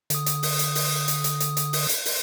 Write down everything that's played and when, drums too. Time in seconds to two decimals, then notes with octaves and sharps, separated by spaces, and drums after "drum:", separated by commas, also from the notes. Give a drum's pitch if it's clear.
0.10 D3 D#6, drum: hi-hat
0.26 drum: hi-hat
0.43 drum: open hi-hat
0.59 drum: hi-hat
0.75 drum: open hi-hat
1.08 drum: hi-hat
1.24 drum: hi-hat
1.40 drum: hi-hat
1.57 drum: hi-hat
1.73 drum: open hi-hat
1.89 drum: hi-hat
2.06 drum: open hi-hat